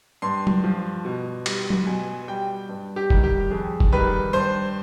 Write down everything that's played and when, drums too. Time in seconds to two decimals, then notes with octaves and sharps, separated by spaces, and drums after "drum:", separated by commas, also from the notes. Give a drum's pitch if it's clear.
0.22 G2 C6
0.47 drum: tom F#3
0.64 F3
1.05 B2
1.46 G3, drum: cymbal
1.70 drum: tom F#3
1.87 B2 G#5
2.28 G3 G5
2.69 G2
2.96 G4
3.10 D#3 G3, drum: kick
3.24 G4
3.51 F2 G#4
3.80 drum: kick
3.92 D#3 G3 B4
4.33 G2 C5